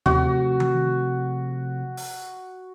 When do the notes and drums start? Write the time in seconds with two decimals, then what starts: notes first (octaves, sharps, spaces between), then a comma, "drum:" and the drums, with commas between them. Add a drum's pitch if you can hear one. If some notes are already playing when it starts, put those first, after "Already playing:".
0.06 C3 F3 A3 F#4, drum: tom D#2
0.60 drum: tom D#3
1.97 drum: open hi-hat